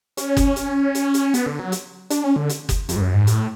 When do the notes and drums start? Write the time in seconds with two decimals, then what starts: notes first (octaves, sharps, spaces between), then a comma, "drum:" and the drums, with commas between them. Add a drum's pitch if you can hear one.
0.17 C#4, drum: hi-hat
0.37 drum: kick F#1, hi-hat
0.56 drum: hi-hat
0.95 drum: hi-hat
1.14 drum: hi-hat
1.34 B3, drum: hi-hat
1.46 D3
1.59 F#3
1.72 drum: hi-hat
2.10 D4, drum: hi-hat
2.24 C#4
2.36 D3
2.49 drum: hi-hat
2.69 drum: kick F#1, hi-hat
2.89 F2, drum: hi-hat
2.96 G#2
3.01 F#2
3.14 G#2
3.27 A2, drum: hi-hat